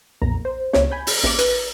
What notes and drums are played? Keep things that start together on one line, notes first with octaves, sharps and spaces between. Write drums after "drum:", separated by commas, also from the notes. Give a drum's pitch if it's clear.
B1 F2 A#2 A#5
C5
C#2 C#5, drum: snare
G#5 B5 G6
drum: open hi-hat
A1 D6, drum: snare
B4, drum: hi-hat